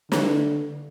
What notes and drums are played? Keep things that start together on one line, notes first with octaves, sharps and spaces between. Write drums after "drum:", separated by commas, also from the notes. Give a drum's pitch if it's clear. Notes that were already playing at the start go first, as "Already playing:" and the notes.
D3, drum: snare